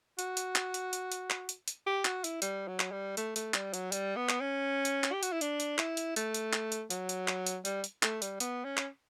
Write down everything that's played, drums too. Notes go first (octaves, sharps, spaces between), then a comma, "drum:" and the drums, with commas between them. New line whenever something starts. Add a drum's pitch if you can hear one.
F#4, drum: hi-hat
drum: hi-hat
drum: clap
drum: hi-hat
drum: hi-hat
drum: hi-hat
drum: clap
drum: hi-hat
drum: hi-hat
G4
F#4, drum: clap
E4, drum: hi-hat
G3, drum: hi-hat
F#3
drum: clap
G3
A3, drum: hi-hat
A3, drum: hi-hat
G3, drum: clap
F#3, drum: hi-hat
G3, drum: hi-hat
B3
drum: clap
C#4
drum: hi-hat
drum: clap
G4
F#4, drum: hi-hat
E4
D4, drum: hi-hat
drum: hi-hat
E4, drum: clap
drum: hi-hat
A3, drum: hi-hat
drum: hi-hat
drum: clap
drum: hi-hat
F#3, drum: hi-hat
drum: hi-hat
drum: clap
drum: hi-hat
G3, drum: hi-hat
drum: hi-hat
A3, drum: clap
G3, drum: hi-hat
B3, drum: hi-hat
C#4
drum: clap